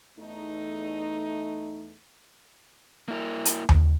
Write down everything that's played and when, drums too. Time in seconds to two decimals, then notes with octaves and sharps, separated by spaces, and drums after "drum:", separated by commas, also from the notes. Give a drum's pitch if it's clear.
0.18 E2 A3 D#4
3.08 A#3 E4 A#4
3.45 drum: hi-hat
3.69 drum: tom D#2